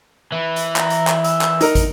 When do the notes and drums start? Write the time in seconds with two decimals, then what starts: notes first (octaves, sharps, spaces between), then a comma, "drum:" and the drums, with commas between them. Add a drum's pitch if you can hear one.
0.32 E3
0.56 drum: hi-hat
0.76 A#5, drum: clap
0.90 drum: hi-hat
1.07 drum: clap
1.24 E6, drum: hi-hat
1.41 drum: clap
1.61 D#4 A#4, drum: hi-hat
1.75 drum: kick, hi-hat